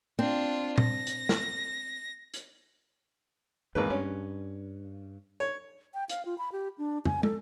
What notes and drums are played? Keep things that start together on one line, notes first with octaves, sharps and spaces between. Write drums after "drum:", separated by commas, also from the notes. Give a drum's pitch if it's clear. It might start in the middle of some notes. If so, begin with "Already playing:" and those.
C4 D4 F4
A#6, drum: tom A#2
drum: hi-hat
drum: snare
drum: hi-hat
G#1 E2 G#2 D#3 A#3 B4
G2 C#4
C#5
G5
F5, drum: hi-hat
F4
B5
G4
D4
G#5, drum: tom
A4, drum: tom